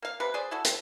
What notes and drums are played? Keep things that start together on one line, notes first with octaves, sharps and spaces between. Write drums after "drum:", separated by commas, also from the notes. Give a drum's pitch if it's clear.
A#3 F5
C3 B4
G#4 C5 D5
E4 F#4 A4
C4, drum: hi-hat